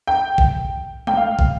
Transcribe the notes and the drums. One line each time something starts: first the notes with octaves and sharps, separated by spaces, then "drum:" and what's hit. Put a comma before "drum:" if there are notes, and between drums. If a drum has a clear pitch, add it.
G5
drum: kick
G5, drum: tom G#3
F5
drum: kick